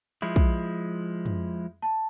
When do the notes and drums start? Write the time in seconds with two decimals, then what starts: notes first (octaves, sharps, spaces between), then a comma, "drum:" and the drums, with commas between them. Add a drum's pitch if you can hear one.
0.22 F3 G#3 E4
0.36 drum: kick
1.26 drum: tom
1.82 A5